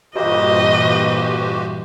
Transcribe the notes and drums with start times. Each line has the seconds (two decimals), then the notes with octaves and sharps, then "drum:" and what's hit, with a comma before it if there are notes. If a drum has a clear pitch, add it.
0.16 G2 A#2 E3 F#4 G4 C5 D#5, drum: cymbal